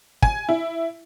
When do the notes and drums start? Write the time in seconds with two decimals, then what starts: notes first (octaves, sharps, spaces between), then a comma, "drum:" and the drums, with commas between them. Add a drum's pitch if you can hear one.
0.22 G#5, drum: kick
0.49 E4